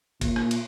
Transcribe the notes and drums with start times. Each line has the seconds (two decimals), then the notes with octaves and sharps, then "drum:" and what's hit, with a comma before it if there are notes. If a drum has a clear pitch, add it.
0.21 A#2, drum: kick, cymbal
0.36 drum: rim click
0.51 drum: cymbal